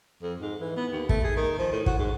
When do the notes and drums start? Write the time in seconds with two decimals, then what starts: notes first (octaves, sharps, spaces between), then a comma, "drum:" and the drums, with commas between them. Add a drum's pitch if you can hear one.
0.22 F2
0.40 G#2
0.60 E3
0.76 B3
0.92 D#2
1.09 A3, drum: kick
1.24 G#4
1.37 D#3
1.58 F3
1.72 A2
1.86 F#4, drum: kick
1.99 G#2